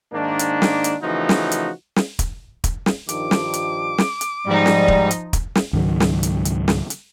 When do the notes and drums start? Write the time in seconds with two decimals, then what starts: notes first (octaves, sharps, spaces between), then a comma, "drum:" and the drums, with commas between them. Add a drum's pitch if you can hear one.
0.12 G#2 D#3 A#3 D4
0.39 drum: hi-hat
0.62 drum: snare
0.84 drum: hi-hat
1.02 C#3 E3 F3 A3 D#4 F#4
1.29 drum: snare
1.51 drum: hi-hat
1.96 drum: snare
2.19 drum: kick, hi-hat
2.64 drum: kick, hi-hat
2.86 drum: snare
3.09 G2 D#3 F3 D6, drum: hi-hat
3.31 drum: snare
3.53 drum: hi-hat
3.98 drum: snare
4.21 drum: hi-hat
4.46 G#2 F3 G3 D#4 D5
4.66 drum: snare
4.88 drum: kick
5.11 drum: hi-hat
5.33 drum: kick, hi-hat
5.55 drum: snare
5.73 C#2 G#2 D#3 F#3
6.00 drum: snare
6.23 drum: hi-hat
6.45 drum: hi-hat
6.68 drum: snare
6.90 drum: hi-hat